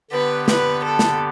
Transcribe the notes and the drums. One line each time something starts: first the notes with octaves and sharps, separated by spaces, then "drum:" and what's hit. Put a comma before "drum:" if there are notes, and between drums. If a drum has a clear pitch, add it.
D3 B3 G4 B4 D5
B4, drum: snare
A4
drum: snare